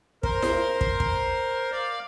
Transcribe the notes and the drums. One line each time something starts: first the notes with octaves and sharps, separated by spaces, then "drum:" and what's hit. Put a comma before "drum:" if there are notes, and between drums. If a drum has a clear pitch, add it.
A#4 C5, drum: kick
drum: snare E4
drum: kick
drum: kick
D5 F5